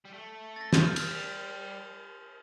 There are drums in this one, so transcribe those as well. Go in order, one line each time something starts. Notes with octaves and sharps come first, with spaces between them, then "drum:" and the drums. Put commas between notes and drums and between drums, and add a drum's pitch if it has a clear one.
G3
A3
A6
A#6
G6, drum: snare
F6
F6, drum: cymbal
A3
G3